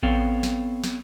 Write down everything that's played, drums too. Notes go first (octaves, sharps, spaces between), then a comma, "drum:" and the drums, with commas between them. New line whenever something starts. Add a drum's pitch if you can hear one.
B3 C4 A4 C#5 F5 G5, drum: kick A1
drum: snare
drum: snare